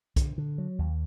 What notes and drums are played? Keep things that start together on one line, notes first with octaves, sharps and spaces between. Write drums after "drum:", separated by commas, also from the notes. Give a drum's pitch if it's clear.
D3, drum: kick B1, hi-hat
D3
F#3
D#2